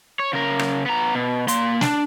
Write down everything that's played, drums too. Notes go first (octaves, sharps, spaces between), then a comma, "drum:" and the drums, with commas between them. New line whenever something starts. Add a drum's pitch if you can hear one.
C#5
C#3 A#4
drum: rim click
B3 A#5
B2
A#3 C6, drum: hi-hat
D4, drum: snare